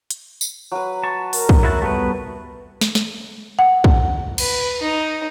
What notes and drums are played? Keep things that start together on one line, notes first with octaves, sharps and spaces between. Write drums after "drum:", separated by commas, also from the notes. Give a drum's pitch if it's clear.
drum: hi-hat
drum: tambourine
F#3 B4
A5 C#6
A#4, drum: open hi-hat
drum: kick
E4 F#4 A5
G3 A3 B3 F#4 B4
drum: snare
drum: snare
F#5
drum: kick
B4, drum: cymbal
D#4